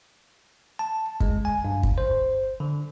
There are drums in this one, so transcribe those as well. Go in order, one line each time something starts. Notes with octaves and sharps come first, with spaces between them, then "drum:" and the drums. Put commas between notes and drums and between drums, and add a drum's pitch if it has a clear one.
A5
G#3, drum: kick
G#5
G2
drum: kick
C5
D3